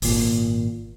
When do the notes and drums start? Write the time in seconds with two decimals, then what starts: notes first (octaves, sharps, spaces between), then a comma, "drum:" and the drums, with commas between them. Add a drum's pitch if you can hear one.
0.02 G#1 A#2, drum: open hi-hat